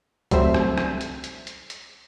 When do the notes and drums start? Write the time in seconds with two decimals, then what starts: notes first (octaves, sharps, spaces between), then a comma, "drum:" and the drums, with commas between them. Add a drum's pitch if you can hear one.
0.31 F#3 G3 A3 C4 C5 E5, drum: kick C2, hi-hat
0.54 drum: rim click
0.78 drum: rim click
1.01 drum: hi-hat
1.24 drum: hi-hat
1.47 drum: hi-hat
1.70 drum: hi-hat